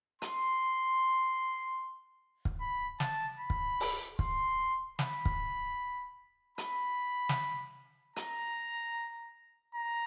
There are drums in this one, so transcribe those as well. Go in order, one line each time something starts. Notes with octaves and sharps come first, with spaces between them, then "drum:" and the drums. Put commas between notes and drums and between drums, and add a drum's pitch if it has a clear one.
C6, drum: hi-hat
drum: kick
B5
A5, drum: snare
B5
drum: kick
drum: open hi-hat
C6, drum: kick
B5, drum: snare
drum: kick
B5, drum: hi-hat
drum: snare
A#5, drum: hi-hat
A#5